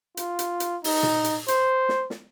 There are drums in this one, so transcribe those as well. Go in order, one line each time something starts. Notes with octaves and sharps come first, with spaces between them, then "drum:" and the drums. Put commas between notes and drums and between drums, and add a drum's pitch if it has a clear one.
F4, drum: hi-hat
drum: hi-hat
drum: hi-hat
D#4, drum: open hi-hat
drum: tom A#2
drum: hi-hat
C5, drum: hi-hat
drum: snare
drum: snare